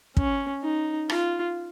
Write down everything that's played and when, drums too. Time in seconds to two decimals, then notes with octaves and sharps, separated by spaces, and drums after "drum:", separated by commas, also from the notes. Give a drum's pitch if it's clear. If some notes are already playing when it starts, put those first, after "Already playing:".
0.17 C#4, drum: kick
0.63 D#4
1.10 F4, drum: rim click